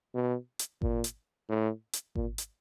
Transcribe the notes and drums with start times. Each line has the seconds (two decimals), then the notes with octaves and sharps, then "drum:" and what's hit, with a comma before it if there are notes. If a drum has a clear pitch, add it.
0.15 B2
0.59 drum: hi-hat
0.82 A#2, drum: kick G#1
1.04 drum: hi-hat
1.49 A2
1.93 drum: hi-hat
2.15 A#2, drum: kick G#1
2.38 drum: hi-hat